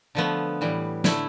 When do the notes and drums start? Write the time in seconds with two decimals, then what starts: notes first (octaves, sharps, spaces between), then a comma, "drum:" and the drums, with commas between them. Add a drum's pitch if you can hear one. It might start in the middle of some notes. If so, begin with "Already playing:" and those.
0.15 D3 F3 A3 B3
0.61 A2 E3 G3
1.04 D3 A3 E4, drum: snare